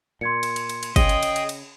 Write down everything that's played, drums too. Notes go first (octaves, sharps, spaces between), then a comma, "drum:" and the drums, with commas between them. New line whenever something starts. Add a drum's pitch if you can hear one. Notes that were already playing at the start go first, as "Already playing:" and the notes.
A#2 C6 G#6 C#7
drum: cymbal
drum: cymbal
drum: cymbal
drum: cymbal
C#3 G#4 D#5 G5, drum: kick, cymbal
drum: cymbal
drum: cymbal
drum: cymbal
drum: cymbal